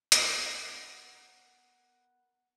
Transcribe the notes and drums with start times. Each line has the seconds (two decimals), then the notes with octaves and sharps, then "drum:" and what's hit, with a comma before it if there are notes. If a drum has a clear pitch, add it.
0.12 B3 A#4 B4, drum: hi-hat